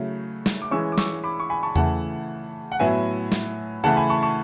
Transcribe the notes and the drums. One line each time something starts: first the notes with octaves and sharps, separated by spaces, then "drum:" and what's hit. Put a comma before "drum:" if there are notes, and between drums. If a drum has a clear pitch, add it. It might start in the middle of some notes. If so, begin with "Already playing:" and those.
Already playing: C#3 F#3 A3 E4
drum: snare
D6
E3 G#3 C#4 C#6 E6
D6
C#6 E6, drum: snare
B5 D6
C#6
G#5 B5
A5 C#6
C#3 E3 A3 F#5 A5, drum: tom E2
F#5
A2 F#3 B3 E5 G#5
drum: snare
C#3 E3 A3 F#5 A5
G#5 B5
A5 C#6
A5 C#6